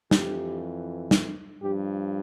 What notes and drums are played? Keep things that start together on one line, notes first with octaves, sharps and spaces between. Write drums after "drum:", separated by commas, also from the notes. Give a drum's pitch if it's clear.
F2 E3 G4, drum: snare
drum: snare
G2 F3 G4